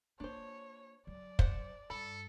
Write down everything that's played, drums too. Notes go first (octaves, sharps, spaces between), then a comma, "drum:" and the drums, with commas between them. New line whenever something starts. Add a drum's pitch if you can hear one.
A#3 D4 F4 C5 C#5
F#3 D5
C5 F#5, drum: kick
G2 A4 B5